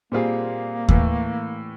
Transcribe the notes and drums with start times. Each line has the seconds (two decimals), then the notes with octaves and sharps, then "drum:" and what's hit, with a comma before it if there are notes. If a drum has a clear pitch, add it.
0.12 A#2 G3 A#3 C4 F4 G#4
0.89 A2 E3 A3, drum: kick D#2